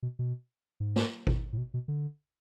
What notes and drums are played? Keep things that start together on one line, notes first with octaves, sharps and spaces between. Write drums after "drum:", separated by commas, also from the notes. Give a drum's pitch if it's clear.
B2
B2
G#2
drum: snare
drum: kick G#1
A2
B2
B2
D3